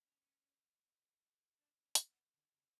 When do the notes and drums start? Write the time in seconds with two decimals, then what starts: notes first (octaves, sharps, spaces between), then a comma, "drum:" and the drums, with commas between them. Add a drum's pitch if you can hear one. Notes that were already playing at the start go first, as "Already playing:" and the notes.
0.05 C#4
1.59 D4
1.84 C#4
1.95 drum: hi-hat
2.10 B3
2.35 D3
2.54 C#3